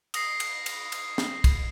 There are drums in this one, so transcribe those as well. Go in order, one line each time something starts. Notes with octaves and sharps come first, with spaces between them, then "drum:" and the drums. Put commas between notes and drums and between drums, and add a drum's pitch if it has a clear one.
D#6 A#6 C7, drum: cymbal
drum: cymbal
drum: cymbal
drum: cymbal
drum: snare
drum: kick, cymbal